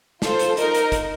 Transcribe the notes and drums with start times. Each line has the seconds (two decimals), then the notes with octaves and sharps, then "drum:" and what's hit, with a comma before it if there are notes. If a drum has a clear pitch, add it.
0.22 F4 A4 C5, drum: snare
0.39 drum: hi-hat
0.57 D#4 A#4 D#5, drum: hi-hat
0.74 drum: hi-hat
0.92 drum: kick, hi-hat